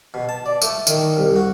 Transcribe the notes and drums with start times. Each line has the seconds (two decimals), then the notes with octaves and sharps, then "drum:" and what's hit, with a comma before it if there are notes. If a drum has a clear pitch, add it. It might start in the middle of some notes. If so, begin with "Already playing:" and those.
0.14 B2
0.29 A5
0.46 D5
0.62 A3, drum: tambourine
0.87 D#3, drum: tambourine
1.17 C2
1.36 F#4